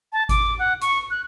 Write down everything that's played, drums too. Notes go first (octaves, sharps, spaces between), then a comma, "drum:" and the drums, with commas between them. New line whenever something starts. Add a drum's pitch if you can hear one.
A5
D6, drum: kick G#1, hi-hat
F#5
C#6, drum: hi-hat
F#6